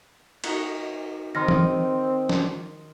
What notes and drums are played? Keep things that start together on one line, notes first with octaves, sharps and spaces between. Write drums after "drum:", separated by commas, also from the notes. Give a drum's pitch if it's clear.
D#4 F#4 A#4, drum: cymbal
D#3 C4 C6 F6 A#6
drum: tom
drum: snare